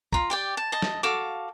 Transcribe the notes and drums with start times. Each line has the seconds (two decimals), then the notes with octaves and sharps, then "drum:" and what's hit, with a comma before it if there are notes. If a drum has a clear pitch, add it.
0.13 F4 A#5, drum: kick
0.30 G4 D5 G5
0.57 A5
0.72 D#5 A5
0.82 drum: snare
1.03 F#4 A4 F5 D6